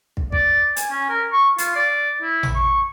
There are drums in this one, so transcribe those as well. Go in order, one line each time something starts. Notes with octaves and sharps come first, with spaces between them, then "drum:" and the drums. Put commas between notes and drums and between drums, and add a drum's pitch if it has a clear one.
drum: kick
D5, drum: kick
G#5, drum: hi-hat
C#4
A#4
C#6
F4, drum: hi-hat
D5
E4
drum: tom A1
C#6